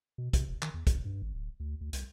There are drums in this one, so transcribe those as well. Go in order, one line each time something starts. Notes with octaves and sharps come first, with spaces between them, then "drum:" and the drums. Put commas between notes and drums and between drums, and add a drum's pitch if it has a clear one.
B2
C3, drum: kick, hi-hat
E1
D#3, drum: clap
E2
F1, drum: kick, hi-hat
G2
G#1
D1
D2
D2
C2, drum: hi-hat